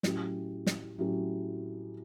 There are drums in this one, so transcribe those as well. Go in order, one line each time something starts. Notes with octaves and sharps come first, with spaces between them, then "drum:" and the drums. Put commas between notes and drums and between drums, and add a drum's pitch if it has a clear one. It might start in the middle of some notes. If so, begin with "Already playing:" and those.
A2 F#3 C#4 G4, drum: snare
drum: snare
A2 F#3 C#4 G4